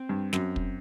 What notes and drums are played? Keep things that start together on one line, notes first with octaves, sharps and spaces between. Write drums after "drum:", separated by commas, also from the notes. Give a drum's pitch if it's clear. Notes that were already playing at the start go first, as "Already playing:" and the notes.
Already playing: C4
G2
F#2, drum: snare
drum: kick